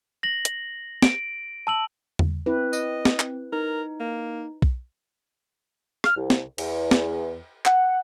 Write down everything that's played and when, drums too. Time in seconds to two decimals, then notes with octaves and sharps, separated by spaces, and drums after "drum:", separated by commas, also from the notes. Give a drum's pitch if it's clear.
0.23 A#6 F#7
0.45 drum: hi-hat
1.02 D7, drum: snare
1.67 A5 E6 F#7
2.19 drum: tom E2
2.46 C4 E4 B4
2.73 D#5, drum: tambourine
3.05 drum: snare
3.20 drum: clap
3.52 D#4 A#4
4.00 A#3
4.62 drum: kick B1
6.04 F6, drum: rim click
6.16 C2
6.30 drum: snare
6.58 E2, drum: cymbal
6.91 drum: snare
7.65 F#5, drum: clap